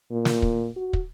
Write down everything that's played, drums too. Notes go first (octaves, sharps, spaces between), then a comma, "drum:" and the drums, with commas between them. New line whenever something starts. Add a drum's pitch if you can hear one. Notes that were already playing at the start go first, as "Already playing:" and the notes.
A#2
drum: snare
drum: kick
F#4
drum: kick